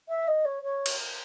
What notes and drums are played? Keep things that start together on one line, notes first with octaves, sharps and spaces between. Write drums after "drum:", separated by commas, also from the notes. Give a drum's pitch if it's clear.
E5
D#5
C#5
C#5
drum: cymbal